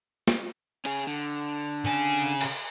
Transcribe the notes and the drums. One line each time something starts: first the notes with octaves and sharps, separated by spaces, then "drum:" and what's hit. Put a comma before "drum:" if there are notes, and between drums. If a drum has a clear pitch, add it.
drum: snare
C#4 G#4, drum: cymbal
D3
C#3 G#5
drum: cymbal